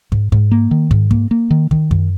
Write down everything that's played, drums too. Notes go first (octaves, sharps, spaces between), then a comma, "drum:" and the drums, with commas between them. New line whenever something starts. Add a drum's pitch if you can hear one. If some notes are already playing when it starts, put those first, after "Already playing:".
G#2, drum: kick
G#2, drum: kick
A#3
D#3
G#2, drum: kick
A#3, drum: kick
A#3
D#3
D#3, drum: kick
F#2, drum: kick